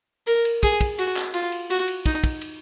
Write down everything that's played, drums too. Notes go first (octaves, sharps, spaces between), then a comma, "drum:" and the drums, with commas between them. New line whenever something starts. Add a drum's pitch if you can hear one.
A#4, drum: cymbal
drum: cymbal
G#4, drum: kick, cymbal
drum: kick, cymbal
F#4, drum: cymbal
drum: clap
F4, drum: cymbal
drum: cymbal
F#4, drum: cymbal
drum: cymbal
D#4, drum: kick, cymbal
drum: kick, cymbal
drum: cymbal